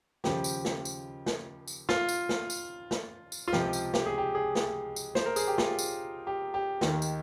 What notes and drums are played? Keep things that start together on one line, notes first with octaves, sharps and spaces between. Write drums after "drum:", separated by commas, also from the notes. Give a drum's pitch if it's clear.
D#2 C#3 F3 G4, drum: snare
drum: tambourine
drum: snare
drum: tambourine
drum: snare
drum: tambourine
F4, drum: snare
drum: tambourine
drum: snare
drum: tambourine
drum: snare
drum: tambourine
F4
C#2 C3 F3 G4, drum: snare
drum: tambourine
G4, drum: snare
G#4
G4
G#4
drum: snare
drum: tambourine
C5, drum: snare
A#4
G#4, drum: tambourine
G4
F4, drum: snare
drum: tambourine
G4
G4
D#2 D#3, drum: snare
drum: tambourine